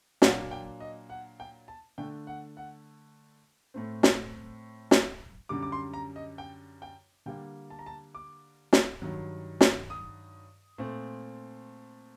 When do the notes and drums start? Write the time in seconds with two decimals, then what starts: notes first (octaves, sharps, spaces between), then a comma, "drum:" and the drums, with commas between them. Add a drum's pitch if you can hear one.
0.22 A#2 F#3 A#3 D4 F#5, drum: snare
0.51 G5
0.80 D#5
1.10 F#5
1.40 G5
1.68 A5
1.98 D3 A3 D4 G5
2.27 F#5
2.57 F#5
3.74 A2 A3 C4
4.03 drum: snare
4.91 drum: snare
5.49 F#2 D3 G3 D6
5.63 D6
5.72 C6
5.94 A#5
6.16 D#5
6.38 G5
6.82 G5
7.26 D3 G3 A#3 G5
7.70 A5
7.79 A#5
7.86 A5
8.15 D6
8.73 drum: snare
9.02 G2 D#3 F#3
9.61 drum: snare
9.90 D#6
10.78 A#2 A3 C4